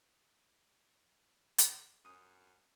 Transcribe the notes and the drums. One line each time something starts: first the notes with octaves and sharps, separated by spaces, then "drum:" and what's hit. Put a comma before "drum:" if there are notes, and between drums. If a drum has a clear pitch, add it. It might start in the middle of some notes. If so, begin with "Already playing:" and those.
drum: hi-hat
F#2 D#6